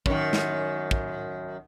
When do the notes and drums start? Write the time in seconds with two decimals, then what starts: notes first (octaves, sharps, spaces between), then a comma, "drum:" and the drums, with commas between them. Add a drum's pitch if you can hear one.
0.06 F#2 D#3, drum: kick
0.33 drum: snare
0.91 drum: kick